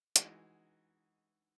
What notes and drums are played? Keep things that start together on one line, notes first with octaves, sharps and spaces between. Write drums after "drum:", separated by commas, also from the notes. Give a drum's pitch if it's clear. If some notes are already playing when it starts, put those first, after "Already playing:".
E3 G#3 D#4 F#4, drum: hi-hat